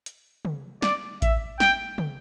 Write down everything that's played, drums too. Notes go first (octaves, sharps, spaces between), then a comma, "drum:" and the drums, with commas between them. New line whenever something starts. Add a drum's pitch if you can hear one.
drum: hi-hat
drum: tom
D5, drum: snare
E5, drum: kick A1, hi-hat
G5, drum: snare
drum: tom